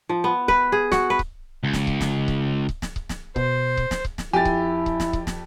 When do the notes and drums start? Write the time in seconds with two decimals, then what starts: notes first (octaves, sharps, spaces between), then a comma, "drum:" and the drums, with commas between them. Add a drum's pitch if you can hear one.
0.09 F3
0.24 B3
0.48 B4, drum: kick C#1
0.72 G#4
0.92 F#4, drum: snare
1.10 B4
1.19 drum: kick C#1
1.64 C#2
1.73 drum: snare
1.87 drum: kick C#1
2.01 drum: snare
2.28 drum: kick C#1
2.69 drum: kick C#1
2.82 drum: snare
2.96 drum: kick C#1
3.09 drum: snare
3.36 B2 C5, drum: kick C#1
3.77 drum: kick C#1
3.91 drum: snare
4.05 drum: kick C#1
4.18 drum: snare
4.33 F2 E4 G4 G#5 A6
4.45 drum: kick C#1
4.86 drum: kick C#1
5.00 drum: snare
5.13 drum: kick C#1
5.27 drum: snare